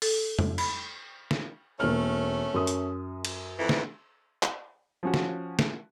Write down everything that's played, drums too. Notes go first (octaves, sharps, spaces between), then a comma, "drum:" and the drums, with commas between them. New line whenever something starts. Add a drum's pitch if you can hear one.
A4, drum: open hi-hat
drum: tom
B5, drum: cymbal
drum: snare
E1 A3 A#3 C#4 F6
F#2 D#6
drum: hi-hat
drum: cymbal
F2 E3
drum: snare
drum: clap
F3 C#4 F#4
drum: snare
drum: snare